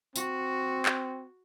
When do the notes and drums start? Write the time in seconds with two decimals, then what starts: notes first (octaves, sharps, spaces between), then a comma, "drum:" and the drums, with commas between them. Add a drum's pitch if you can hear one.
0.16 C4 F#4, drum: tambourine
0.86 drum: clap